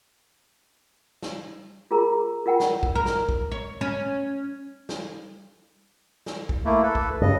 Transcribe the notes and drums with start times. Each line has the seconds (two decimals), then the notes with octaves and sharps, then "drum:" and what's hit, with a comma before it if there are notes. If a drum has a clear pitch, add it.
1.22 drum: snare
1.91 F4 G#4 A#4 A#5
2.46 F4 A#4 F#5 G5
2.60 drum: snare
2.83 drum: kick
2.95 A#4
3.06 drum: snare
3.29 drum: kick
3.52 C#5
3.81 C#4
4.89 drum: snare
6.26 drum: snare
6.49 drum: kick
6.65 A3 A#3 E4
6.83 A4 B4
6.95 drum: kick
7.22 G2 C#3 D#5